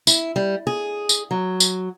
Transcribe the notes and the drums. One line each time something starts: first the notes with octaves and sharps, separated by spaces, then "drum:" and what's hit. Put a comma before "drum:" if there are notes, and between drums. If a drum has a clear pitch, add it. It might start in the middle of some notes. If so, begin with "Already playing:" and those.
E4, drum: tambourine
G3
G#4
drum: tambourine
F#3
drum: tambourine